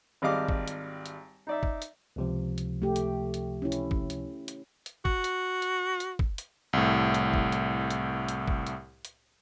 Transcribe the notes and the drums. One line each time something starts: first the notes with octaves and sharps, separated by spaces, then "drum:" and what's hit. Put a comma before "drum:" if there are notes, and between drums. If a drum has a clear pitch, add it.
G#1 G3 G4 D#5 F5 D6
drum: kick
drum: hi-hat
drum: hi-hat
D#4 D5 E5
drum: kick
drum: hi-hat
C#2 C3 F3
drum: hi-hat
A3 G4
drum: hi-hat
drum: hi-hat
C#4 E4
drum: hi-hat
drum: kick
drum: hi-hat
drum: hi-hat
drum: hi-hat
F#4, drum: kick
drum: hi-hat
drum: hi-hat
drum: hi-hat
drum: kick
drum: hi-hat
C2 A2
drum: hi-hat
drum: kick
drum: hi-hat
drum: hi-hat
drum: hi-hat
drum: kick
drum: hi-hat
drum: hi-hat